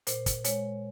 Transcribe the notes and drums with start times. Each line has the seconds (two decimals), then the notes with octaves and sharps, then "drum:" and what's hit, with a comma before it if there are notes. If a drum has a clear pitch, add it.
0.07 A#2 C5, drum: hi-hat
0.26 drum: kick, hi-hat
0.44 G#3 C#5, drum: hi-hat